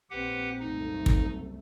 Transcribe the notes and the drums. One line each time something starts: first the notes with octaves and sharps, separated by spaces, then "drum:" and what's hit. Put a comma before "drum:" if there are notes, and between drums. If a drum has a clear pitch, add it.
A#1 C4 G4 B4 F#5
F#1 C2 A3 D#4
drum: kick